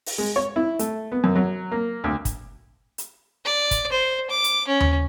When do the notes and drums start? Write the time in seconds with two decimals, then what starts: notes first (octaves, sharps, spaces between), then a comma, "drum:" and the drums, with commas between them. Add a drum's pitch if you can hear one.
0.06 drum: open hi-hat
0.18 G#3
0.36 C#5
0.56 E4
0.79 A3, drum: hi-hat
1.12 B3
1.24 F#2
1.35 F#3
1.71 A#3
2.04 D2
2.25 drum: kick, hi-hat
2.98 drum: hi-hat
3.45 D5
3.71 drum: kick, hi-hat
3.92 C5
4.30 D6
4.44 drum: hi-hat
4.68 C#4
4.80 drum: tom D#2